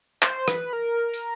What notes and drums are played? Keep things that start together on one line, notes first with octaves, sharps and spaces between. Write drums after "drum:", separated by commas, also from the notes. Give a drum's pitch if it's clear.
C5, drum: clap
B4, drum: rim click
A#4
drum: tambourine